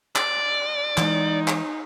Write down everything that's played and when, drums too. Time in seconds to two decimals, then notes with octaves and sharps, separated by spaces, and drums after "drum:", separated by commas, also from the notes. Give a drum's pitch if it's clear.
0.16 D5, drum: clap
0.97 E3 G#3 D#4, drum: clap
1.48 drum: clap